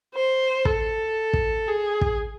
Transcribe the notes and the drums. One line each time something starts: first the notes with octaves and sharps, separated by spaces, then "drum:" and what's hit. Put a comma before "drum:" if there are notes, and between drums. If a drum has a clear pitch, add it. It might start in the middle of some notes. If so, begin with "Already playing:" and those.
C5
A4, drum: kick
drum: kick
G#4
drum: kick